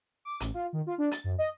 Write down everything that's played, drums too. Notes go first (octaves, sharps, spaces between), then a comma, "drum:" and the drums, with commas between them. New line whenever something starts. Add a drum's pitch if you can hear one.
D6
A1, drum: hi-hat
F4
D#3
F4
D4
A6, drum: hi-hat
F#2
D#5